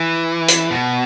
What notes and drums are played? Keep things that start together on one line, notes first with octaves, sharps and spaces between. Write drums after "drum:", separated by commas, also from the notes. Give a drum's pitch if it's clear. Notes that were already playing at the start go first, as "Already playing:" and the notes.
Already playing: E3
drum: hi-hat
B2